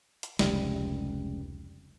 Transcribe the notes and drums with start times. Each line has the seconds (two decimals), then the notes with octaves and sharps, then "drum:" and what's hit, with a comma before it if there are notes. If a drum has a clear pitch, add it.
0.23 drum: hi-hat
0.39 F1 C#2 G3, drum: snare